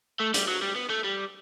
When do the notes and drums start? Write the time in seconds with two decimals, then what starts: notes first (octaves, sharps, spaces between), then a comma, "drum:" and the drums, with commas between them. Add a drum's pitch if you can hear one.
0.20 A3
0.34 G3, drum: hi-hat
0.48 F#3
0.62 G3
0.76 B3
0.90 A3
1.04 G3